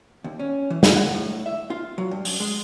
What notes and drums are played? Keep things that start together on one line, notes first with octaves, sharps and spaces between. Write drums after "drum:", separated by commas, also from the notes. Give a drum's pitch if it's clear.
D#2
C#4
E3
F5, drum: snare
F#5
A2
E5
F4
F#3
G2
F#2, drum: open hi-hat
G#3